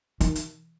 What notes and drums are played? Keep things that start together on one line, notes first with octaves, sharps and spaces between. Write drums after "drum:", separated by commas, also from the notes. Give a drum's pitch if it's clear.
D#3, drum: hi-hat
drum: hi-hat